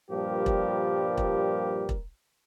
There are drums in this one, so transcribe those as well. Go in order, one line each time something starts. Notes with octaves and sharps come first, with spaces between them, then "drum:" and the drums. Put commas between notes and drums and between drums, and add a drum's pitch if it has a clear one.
G2 A#2 F3 G3 G4 A#4
drum: kick E1
drum: kick E1
drum: kick E1